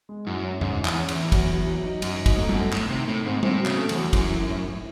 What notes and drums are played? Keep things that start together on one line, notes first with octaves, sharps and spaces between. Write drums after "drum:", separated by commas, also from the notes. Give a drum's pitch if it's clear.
G#3
F#2 A2
C#4
G#2 C#4, drum: tom E2
E4
E2, drum: clap
C#4
E2, drum: cymbal
A2
F#3, drum: kick, cymbal
F#3
F#3
D#4
F#2 F#3, drum: cymbal
D#4
G#2, drum: kick, cymbal
A3
F#2, drum: tom
A3
A2 A3, drum: clap
C3 D#3
A2 A3
G#2 C4
A2 C4, drum: tom
F#3
C#3, drum: clap
A3
E2, drum: cymbal
F#3
F#2 E3, drum: kick, cymbal
A2
A2
A2